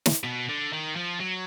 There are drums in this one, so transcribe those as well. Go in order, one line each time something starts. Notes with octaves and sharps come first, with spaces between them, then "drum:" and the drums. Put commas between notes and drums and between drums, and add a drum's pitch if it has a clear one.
drum: snare
B2
D3
D#3
F3
F#3